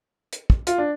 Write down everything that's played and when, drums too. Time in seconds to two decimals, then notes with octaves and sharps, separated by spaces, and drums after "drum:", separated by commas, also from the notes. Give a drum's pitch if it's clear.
0.33 drum: hi-hat
0.50 drum: kick
0.67 F4, drum: hi-hat
0.78 D4